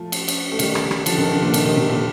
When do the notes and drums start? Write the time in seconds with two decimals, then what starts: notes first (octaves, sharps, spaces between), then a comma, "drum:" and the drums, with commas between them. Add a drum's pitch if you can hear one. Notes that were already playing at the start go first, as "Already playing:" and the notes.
Already playing: F3 A3
0.12 drum: cymbal
0.28 drum: cymbal
0.52 A3
0.59 D#3 G3, drum: cymbal
0.75 drum: rim click
0.91 drum: rim click
1.06 D3 F3, drum: cymbal
1.18 C3 D#3
1.31 D3 F3
1.42 A#2 D3
1.54 C3 D#3, drum: cymbal
1.65 D#3 G3
1.76 C3 D#3
1.88 A#2 D3